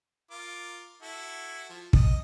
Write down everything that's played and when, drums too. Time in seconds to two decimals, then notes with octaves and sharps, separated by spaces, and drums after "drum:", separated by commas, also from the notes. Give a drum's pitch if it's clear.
0.31 F4 A#4 D6
1.02 E4 F#4 A4
1.70 F3
1.93 D#5, drum: kick